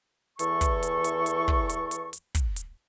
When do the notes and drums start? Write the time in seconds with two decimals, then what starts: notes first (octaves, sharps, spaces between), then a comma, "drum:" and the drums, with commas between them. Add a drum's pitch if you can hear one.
0.39 E2 E3 A4 C#6, drum: hi-hat
0.61 drum: kick, hi-hat
0.83 drum: hi-hat
1.04 drum: hi-hat
1.26 drum: hi-hat
1.48 drum: kick
1.69 drum: hi-hat
1.91 drum: hi-hat
2.13 drum: hi-hat
2.35 drum: kick, hi-hat
2.56 drum: hi-hat